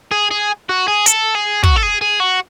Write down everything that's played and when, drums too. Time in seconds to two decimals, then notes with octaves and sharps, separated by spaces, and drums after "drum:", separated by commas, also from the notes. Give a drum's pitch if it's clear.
0.11 G#4
0.31 G#4
0.69 F#4
0.88 G#4
1.06 A4, drum: hi-hat
1.35 G#4
1.63 F#4, drum: kick
1.76 A4
1.83 G#4
2.01 G#4
2.20 F#4